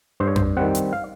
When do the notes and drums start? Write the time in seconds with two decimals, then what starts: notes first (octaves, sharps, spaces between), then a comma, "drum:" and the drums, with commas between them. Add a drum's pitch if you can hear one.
0.20 G2 C5
0.27 C#5
0.36 C5, drum: tom F2
0.57 D#3 G3 C4 F#5
0.75 drum: hi-hat
0.93 F5